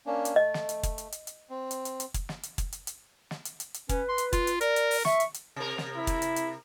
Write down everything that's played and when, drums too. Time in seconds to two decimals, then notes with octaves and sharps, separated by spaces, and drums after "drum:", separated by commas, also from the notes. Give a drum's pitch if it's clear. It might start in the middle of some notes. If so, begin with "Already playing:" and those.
0.06 A#3 C#4 D4
0.25 drum: hi-hat
0.36 A3 D#5
0.54 drum: snare
0.69 drum: hi-hat
0.83 drum: kick, hi-hat
0.98 drum: hi-hat
1.12 drum: hi-hat
1.27 drum: hi-hat
1.50 C4
1.71 drum: hi-hat
1.85 drum: hi-hat
2.00 drum: hi-hat
2.14 drum: kick, hi-hat
2.29 drum: snare
2.43 drum: hi-hat
2.58 drum: kick, hi-hat
2.73 drum: hi-hat
2.87 drum: hi-hat
3.31 drum: snare
3.45 drum: hi-hat
3.60 drum: hi-hat
3.74 drum: hi-hat
3.89 C#4 B4, drum: kick, hi-hat
4.09 C6
4.18 drum: hi-hat
4.33 F4, drum: kick, hi-hat
4.47 drum: hi-hat
4.61 A#4 D5, drum: hi-hat
4.76 drum: hi-hat
4.91 drum: open hi-hat
5.05 E5 C#6, drum: snare
5.20 drum: hi-hat
5.34 drum: hi-hat
5.56 C3 A#4
5.78 drum: snare
5.97 E4
6.07 drum: kick, hi-hat
6.22 drum: hi-hat
6.36 drum: hi-hat